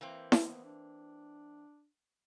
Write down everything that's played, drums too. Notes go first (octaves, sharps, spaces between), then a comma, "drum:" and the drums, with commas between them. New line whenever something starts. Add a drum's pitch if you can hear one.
E3 A#3 C4
B3, drum: snare E4
D4